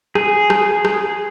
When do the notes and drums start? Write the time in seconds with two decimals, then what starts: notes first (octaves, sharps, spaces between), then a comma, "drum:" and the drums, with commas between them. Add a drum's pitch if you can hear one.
0.15 G#4, drum: rim click
0.50 drum: rim click
0.85 drum: rim click